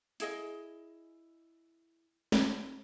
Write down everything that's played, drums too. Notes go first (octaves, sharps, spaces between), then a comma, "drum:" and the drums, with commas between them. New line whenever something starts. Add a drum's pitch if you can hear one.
E4 G#4 D#5, drum: hi-hat
drum: snare